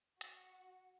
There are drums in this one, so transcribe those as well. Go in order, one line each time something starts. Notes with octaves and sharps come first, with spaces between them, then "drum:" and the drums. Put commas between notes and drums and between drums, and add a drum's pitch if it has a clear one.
F#4, drum: hi-hat